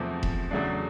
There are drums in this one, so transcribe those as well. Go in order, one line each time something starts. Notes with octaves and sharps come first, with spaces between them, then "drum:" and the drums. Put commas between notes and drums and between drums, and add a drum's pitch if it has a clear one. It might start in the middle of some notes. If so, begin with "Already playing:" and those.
Already playing: E2 C3 F3 A3
drum: kick E1
E2 C#3 F#3 A3 D4